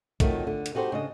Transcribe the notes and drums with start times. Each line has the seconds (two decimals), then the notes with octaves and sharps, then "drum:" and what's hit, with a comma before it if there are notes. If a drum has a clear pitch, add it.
0.20 F2 D#3 F#3 A3, drum: kick, hi-hat
0.47 D3
0.66 drum: hi-hat
0.75 D#4 F#4 G4 A4 C5
0.92 C#3 D4 D#5